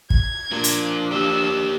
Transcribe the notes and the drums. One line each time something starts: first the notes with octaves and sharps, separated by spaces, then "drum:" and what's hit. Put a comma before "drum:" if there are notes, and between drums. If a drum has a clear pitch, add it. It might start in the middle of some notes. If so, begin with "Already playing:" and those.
G#6, drum: kick
F3 D4 F4 A#4
drum: hi-hat
A#3 G4 E6